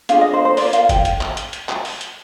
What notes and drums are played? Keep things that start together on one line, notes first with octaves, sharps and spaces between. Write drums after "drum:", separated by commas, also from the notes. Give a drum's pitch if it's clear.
D4 F4 G#4 F5, drum: hi-hat
D#5
C5
C5
F4 A#4 D5, drum: open hi-hat
F5, drum: hi-hat
G5, drum: kick F#1, hi-hat
drum: hi-hat
drum: clap
drum: hi-hat
drum: hi-hat
drum: clap
drum: open hi-hat
drum: hi-hat